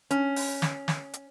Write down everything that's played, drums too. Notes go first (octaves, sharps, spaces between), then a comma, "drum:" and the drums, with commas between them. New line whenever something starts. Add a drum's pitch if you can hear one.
C#4, drum: hi-hat
drum: open hi-hat
drum: snare
drum: snare
drum: hi-hat